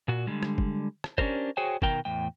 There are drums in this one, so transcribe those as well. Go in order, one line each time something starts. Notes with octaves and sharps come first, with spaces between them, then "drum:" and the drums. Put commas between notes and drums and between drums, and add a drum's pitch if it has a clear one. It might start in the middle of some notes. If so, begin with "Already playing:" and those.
A#2 F#4
D3 G3 G#3
drum: rim click
drum: kick F#1
drum: rim click
C#4 D4 G4 A#4 C5, drum: kick F#1
F#4 G#4 C5 C#5 G5 G#5
B2 D#3 A#4 G5 A#5, drum: kick F#1
E2 A2 G5